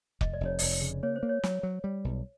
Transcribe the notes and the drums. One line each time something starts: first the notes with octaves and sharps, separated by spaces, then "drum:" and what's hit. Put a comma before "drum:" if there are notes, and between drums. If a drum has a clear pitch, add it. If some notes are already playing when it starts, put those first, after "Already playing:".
F1 D#5, drum: kick
D5
F1 C#5
F1 D5, drum: open hi-hat
C#3
A#3 C#5
C5
A#3
C#5
F#3, drum: snare
F#3
G3
B1